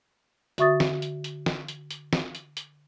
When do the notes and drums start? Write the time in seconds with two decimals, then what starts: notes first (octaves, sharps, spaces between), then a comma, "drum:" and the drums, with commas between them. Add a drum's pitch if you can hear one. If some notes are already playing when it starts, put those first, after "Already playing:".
0.58 D3 F#4 E5 C#6 D#6 A6, drum: hi-hat
0.80 drum: snare
1.02 drum: hi-hat
1.24 drum: hi-hat
1.46 drum: snare
1.68 drum: hi-hat
1.91 drum: hi-hat
2.13 drum: snare
2.35 drum: hi-hat
2.57 drum: hi-hat